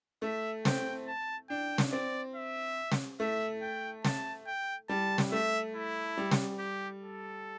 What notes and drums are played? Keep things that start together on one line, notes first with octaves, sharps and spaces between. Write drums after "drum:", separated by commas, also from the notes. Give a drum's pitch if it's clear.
A3 E5
C4 G5, drum: snare
A5
D4 G5
drum: snare
C4 D5
E5
drum: snare
A3 E5
G5
A5, drum: snare
G5
G3 A5
drum: snare
A3 E5
E4
G3
drum: snare
G4
A4